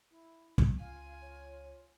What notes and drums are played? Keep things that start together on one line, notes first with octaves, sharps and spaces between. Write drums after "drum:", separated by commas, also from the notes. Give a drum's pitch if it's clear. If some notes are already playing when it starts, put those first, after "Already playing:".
E4
drum: kick
C#2 F4 F5 G#5
C#5